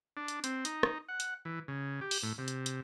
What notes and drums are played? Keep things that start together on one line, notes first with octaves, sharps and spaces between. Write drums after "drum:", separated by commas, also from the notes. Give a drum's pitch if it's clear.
D4
drum: hi-hat
C4, drum: hi-hat
D#4, drum: hi-hat
drum: rim click
F#5
drum: hi-hat
E3
C#3
G4
drum: open hi-hat
A2
C3
drum: hi-hat
drum: hi-hat